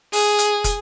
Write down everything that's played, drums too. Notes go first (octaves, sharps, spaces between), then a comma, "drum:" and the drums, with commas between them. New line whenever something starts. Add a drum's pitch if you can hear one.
G#4, drum: open hi-hat
drum: hi-hat
drum: kick, hi-hat